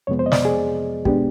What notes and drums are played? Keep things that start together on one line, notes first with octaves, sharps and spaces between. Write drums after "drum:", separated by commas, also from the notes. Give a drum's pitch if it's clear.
F2 C3 F3 G#3 B3 C#5
C5
D#5
D5, drum: snare
G#4
B2 G#3 B3 D4 G4, drum: kick